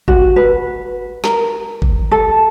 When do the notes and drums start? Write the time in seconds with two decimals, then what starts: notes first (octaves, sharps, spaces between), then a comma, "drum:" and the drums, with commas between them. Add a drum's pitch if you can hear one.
0.08 F#4, drum: kick G1
0.36 B4
1.24 A#4, drum: snare
1.82 drum: kick G1
2.12 A4